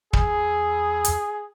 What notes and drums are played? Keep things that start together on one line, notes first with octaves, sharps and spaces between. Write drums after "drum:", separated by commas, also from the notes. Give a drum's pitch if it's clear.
E2 G#4, drum: kick
drum: hi-hat